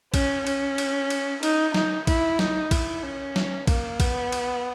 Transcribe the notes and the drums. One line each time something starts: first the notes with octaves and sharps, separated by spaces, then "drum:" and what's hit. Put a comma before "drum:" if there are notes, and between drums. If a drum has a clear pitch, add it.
C#4, drum: kick A#1, cymbal
C#4, drum: cymbal
drum: cymbal
drum: cymbal
D#4, drum: cymbal
D#4, drum: snare
E4, drum: kick A#1, cymbal
D#4, drum: snare
E4, drum: kick A#1, cymbal
C#4
drum: snare
A#3, drum: kick A#1, cymbal
B3, drum: kick A#1, cymbal
drum: cymbal